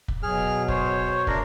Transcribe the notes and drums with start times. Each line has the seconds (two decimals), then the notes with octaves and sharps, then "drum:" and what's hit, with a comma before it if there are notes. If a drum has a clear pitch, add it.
0.08 drum: kick
0.23 B2 F#3 G#4 F6
0.68 C5 C#5, drum: kick
1.27 C#3 A3 D4 A#4, drum: kick